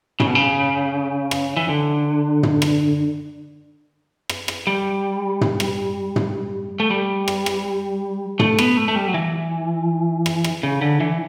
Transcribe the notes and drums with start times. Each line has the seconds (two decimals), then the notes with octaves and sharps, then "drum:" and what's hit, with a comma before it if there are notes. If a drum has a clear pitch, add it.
0.20 C#3, drum: tom
0.27 B2
0.35 C#3
1.31 drum: rim click
1.57 E3
1.69 D3
2.43 drum: tom
2.62 drum: rim click
4.29 drum: rim click
4.48 drum: rim click
4.67 G3
5.41 drum: tom
5.60 drum: rim click
6.16 drum: tom
6.80 A3
6.90 G3
7.28 drum: rim click
7.46 drum: rim click
8.40 A3, drum: tom
8.59 B3, drum: rim click
8.77 A3
8.88 A3
8.96 G3
9.08 F#3
9.14 E3
10.26 drum: rim click
10.44 drum: rim click
10.63 C#3
10.81 D3
11.00 E3